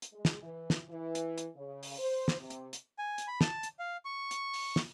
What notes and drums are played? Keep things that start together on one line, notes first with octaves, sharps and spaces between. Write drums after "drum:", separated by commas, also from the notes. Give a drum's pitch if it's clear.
drum: hi-hat
G#3
drum: snare
E3
drum: snare
E3
drum: hi-hat
drum: hi-hat
C#3
drum: open hi-hat
C5
drum: snare
C3
drum: hi-hat
drum: hi-hat
G#5
drum: hi-hat
B5
A5, drum: snare
drum: hi-hat
F5
C#6
drum: hi-hat
drum: open hi-hat
drum: snare